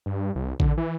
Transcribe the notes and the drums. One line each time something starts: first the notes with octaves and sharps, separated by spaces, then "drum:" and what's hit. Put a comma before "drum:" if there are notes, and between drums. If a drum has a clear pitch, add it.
G2
C2
D3, drum: kick A1
E3